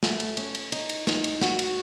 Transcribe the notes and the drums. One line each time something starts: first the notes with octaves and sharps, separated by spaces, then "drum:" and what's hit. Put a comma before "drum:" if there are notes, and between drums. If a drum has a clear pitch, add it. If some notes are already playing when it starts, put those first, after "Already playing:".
A3, drum: snare
drum: cymbal
C#4, drum: cymbal
drum: cymbal
D#4, drum: cymbal
drum: cymbal
D#4, drum: snare
drum: cymbal
F#4, drum: snare
drum: cymbal